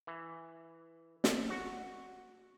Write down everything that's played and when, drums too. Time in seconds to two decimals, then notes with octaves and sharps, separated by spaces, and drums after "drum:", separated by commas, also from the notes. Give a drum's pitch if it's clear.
0.07 E3
1.24 drum: snare
1.50 F#4